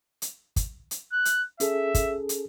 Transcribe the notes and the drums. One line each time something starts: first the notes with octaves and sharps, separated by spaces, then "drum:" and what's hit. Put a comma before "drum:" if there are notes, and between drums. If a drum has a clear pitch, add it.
drum: hi-hat
drum: kick, hi-hat
drum: hi-hat
F#6
drum: hi-hat
C#4 G#4 A4 E5, drum: hi-hat
drum: kick, hi-hat
drum: hi-hat